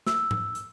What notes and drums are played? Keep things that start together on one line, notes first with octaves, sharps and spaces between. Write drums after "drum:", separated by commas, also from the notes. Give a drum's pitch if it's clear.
E6, drum: snare
drum: tom G#2
drum: hi-hat